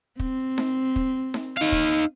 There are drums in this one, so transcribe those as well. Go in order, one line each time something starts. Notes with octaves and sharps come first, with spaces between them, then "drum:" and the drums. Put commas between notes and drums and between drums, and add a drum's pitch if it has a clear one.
C4, drum: kick
drum: snare D#4
drum: kick
drum: snare D#4
D#4 F5
drum: kick